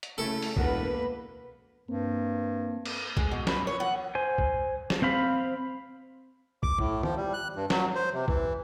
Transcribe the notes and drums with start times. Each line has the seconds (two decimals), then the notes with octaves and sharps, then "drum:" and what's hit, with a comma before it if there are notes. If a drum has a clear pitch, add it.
0.03 drum: hi-hat
0.18 C#3 A3 C#4 E4 A4
0.42 drum: open hi-hat
0.56 E1 A#3 B3 A#4 B4 F#5, drum: kick
1.88 G2 A#3 C4
2.85 drum: cymbal
3.17 G#3, drum: kick
3.32 B2
3.47 B4, drum: snare
3.67 C#5
3.80 F#5
4.15 C5 G#5
4.38 drum: kick
4.90 drum: snare
5.02 C4 C5 F5 B5
6.63 D6, drum: kick
6.79 A2, drum: kick
7.03 F3, drum: tom
7.17 G3
7.33 F#6
7.56 G2
7.70 F#3, drum: snare
7.95 C5
8.13 C3
8.28 E3, drum: kick